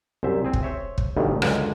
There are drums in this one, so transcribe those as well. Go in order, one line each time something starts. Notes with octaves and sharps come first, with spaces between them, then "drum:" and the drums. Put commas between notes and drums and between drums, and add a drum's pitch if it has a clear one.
C2 F#2 C5 E5
C4 G#4
drum: kick
C5 C#5 E5
drum: kick
A1 D2 G2 B2 D3 D#3
C#2 F#2 D3 G#3, drum: rim click